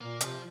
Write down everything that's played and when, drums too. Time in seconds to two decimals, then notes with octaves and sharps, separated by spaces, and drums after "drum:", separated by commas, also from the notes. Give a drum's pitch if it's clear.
0.01 A#2 A#3
0.21 C3 F3, drum: hi-hat